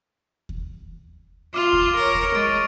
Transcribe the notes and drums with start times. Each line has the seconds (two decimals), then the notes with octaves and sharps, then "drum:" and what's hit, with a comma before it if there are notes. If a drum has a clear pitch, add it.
0.49 drum: kick D#2
1.54 F4 D6 F6 F7
1.73 drum: kick D#2
1.96 A#4 C#5
2.14 drum: kick D#2
2.35 G#3 C#6 A6 D7